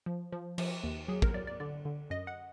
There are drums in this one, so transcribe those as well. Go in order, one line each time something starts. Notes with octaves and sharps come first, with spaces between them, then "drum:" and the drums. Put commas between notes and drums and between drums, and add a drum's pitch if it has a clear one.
F3
F3
F3, drum: cymbal
D#2
F#3 G#4
A#4, drum: kick
F#3 D5
D5
D3 D5
D3
F#2 D#5
F#5